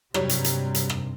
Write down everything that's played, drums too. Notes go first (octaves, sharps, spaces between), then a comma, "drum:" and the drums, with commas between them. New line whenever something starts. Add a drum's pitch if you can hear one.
G2 C3 F#3 G3 C#5, drum: rim click
drum: hi-hat
drum: hi-hat
drum: hi-hat
drum: rim click